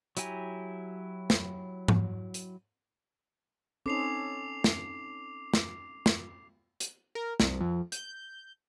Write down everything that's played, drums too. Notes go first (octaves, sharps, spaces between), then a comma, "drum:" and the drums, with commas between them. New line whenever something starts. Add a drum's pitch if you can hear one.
F#3 E4 G4 G#5 A#5, drum: hi-hat
drum: snare
drum: tom G#2
drum: hi-hat
C4 C#4 D#4 A4 D6 C7 F7
drum: snare
drum: snare
drum: snare
drum: hi-hat
A#4
C2, drum: snare
F2
G6, drum: hi-hat